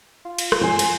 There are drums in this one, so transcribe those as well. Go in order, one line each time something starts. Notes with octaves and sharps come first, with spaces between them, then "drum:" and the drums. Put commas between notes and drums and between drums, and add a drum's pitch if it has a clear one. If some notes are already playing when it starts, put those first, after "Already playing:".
F4
drum: cymbal
drum: rim click
C5 G#5
drum: cymbal